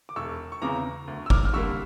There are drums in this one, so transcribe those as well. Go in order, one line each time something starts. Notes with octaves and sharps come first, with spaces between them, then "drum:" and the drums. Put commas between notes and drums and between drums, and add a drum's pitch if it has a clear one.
D6
E1 C#6 E6
C#6
E2 C#3 A#5 D6
D2
E6
D6 F6, drum: kick G1
F6
D3 G3 A#3 C#6 E6